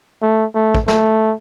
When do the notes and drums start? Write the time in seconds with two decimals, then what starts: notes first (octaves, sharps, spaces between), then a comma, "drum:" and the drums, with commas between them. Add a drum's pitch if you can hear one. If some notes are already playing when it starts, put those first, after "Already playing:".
0.22 A3
0.55 A3
0.75 drum: kick
0.88 A3, drum: snare